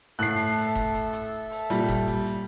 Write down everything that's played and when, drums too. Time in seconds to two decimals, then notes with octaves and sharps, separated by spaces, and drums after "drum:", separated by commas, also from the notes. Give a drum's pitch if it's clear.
0.19 A2 A4 E5 F#6 C7
0.38 drum: open hi-hat
0.56 drum: open hi-hat
0.75 drum: kick E1, hi-hat
0.94 drum: hi-hat
1.13 drum: hi-hat
1.51 drum: open hi-hat
1.70 A#2 G3, drum: open hi-hat
1.88 drum: kick E1, hi-hat
2.07 drum: hi-hat
2.26 drum: hi-hat